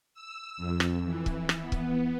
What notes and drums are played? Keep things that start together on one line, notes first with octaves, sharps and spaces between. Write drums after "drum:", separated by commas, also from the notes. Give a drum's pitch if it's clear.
E6
F2
drum: rim click
E3
drum: kick
drum: rim click
B3
drum: kick